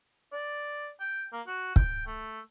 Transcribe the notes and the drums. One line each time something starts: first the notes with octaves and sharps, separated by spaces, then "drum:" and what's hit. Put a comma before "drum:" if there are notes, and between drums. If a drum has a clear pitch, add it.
D5
G5
A#3
F#4
G5, drum: kick
A3